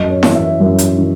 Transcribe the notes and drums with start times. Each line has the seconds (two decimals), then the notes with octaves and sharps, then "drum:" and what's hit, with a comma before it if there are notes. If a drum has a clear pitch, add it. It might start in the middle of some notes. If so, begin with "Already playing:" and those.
Already playing: F#2 D#5
0.10 C#5
0.23 E3, drum: snare E4
0.35 E5
0.60 F#2
0.78 drum: hi-hat
0.97 E3